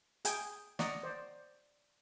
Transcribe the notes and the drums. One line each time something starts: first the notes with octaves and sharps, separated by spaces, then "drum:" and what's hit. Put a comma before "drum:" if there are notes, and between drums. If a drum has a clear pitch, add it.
G#4 G5 G#5, drum: hi-hat
D5 D#5 F#5 A#5 C#6 D#6, drum: snare
C5 D5